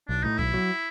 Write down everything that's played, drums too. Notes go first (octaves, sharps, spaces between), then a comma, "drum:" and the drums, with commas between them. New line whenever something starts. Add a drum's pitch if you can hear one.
B1 D4
A2 D#4
B1 E4, drum: kick
F#3